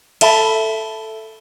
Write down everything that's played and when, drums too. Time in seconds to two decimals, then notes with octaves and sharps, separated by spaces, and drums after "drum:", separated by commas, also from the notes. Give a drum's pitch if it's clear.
0.21 A4 E5 A5 B5, drum: cymbal